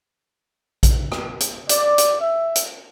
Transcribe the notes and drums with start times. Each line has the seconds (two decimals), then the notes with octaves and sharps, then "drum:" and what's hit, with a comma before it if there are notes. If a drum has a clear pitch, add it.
0.83 drum: kick A#1, hi-hat
1.12 drum: rim click
1.40 drum: hi-hat
1.69 D5, drum: hi-hat
1.98 drum: hi-hat
2.21 E5
2.55 drum: hi-hat